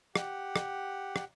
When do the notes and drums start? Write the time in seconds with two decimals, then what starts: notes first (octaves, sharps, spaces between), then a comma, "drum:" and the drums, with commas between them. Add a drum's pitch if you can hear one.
0.16 G4 F#5, drum: rim click
0.56 drum: rim click
1.16 drum: rim click